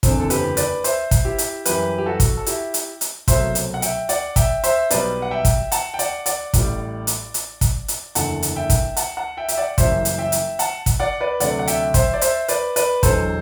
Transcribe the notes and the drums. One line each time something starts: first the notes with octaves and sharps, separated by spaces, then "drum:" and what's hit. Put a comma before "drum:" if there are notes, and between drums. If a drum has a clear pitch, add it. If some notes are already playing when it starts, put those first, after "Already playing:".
F#1 E2 D3 C4, drum: kick, hi-hat
A4
G4 B4, drum: hi-hat
B4 D5, drum: hi-hat
C5 E5, drum: hi-hat
drum: kick, hi-hat
E4 G4
drum: hi-hat
F#2 E3 G3 G4 B4, drum: hi-hat
G4
F#4 A4
drum: kick, hi-hat
A4
E4 G4, drum: hi-hat
drum: hi-hat
drum: hi-hat
C2 B2 F#3 A3 C5 E5, drum: kick, hi-hat
drum: hi-hat
F#5
E5 G5, drum: hi-hat
D5 F#5, drum: hi-hat
E5 G5, drum: kick, hi-hat
C5 E5, drum: hi-hat
B1 B2 G3 B4 D5, drum: hi-hat
F#5
E5 G5
drum: kick, hi-hat
F#5 A5, drum: hi-hat
G5
D5 F#5, drum: hi-hat
D5 F#5, drum: hi-hat
A1 A2 G3, drum: kick, hi-hat
drum: hi-hat
drum: hi-hat
drum: kick, hi-hat
drum: hi-hat
F#1 E2 D3 A3 F#5 A5, drum: hi-hat
drum: hi-hat
E5 G5
drum: kick, hi-hat
F#5 A5, drum: hi-hat
F#5 A5
E5 G5
E5, drum: hi-hat
D5 F#5
F#1 F#2 E3 G3 C5 E5, drum: kick, hi-hat
drum: hi-hat
E5 G5
drum: hi-hat
F#5 A5, drum: hi-hat
drum: kick, hi-hat
D5 F#5
B4 D5
D2 C3 F#3 A3 D5 F#5, drum: hi-hat
F#5
E5 G5, drum: hi-hat
C5 E5, drum: kick, hi-hat
D5
C5 E5, drum: hi-hat
B4 D5, drum: hi-hat
B4 D5, drum: hi-hat
E1 E2 D3 F#3 A4 C5, drum: kick, hi-hat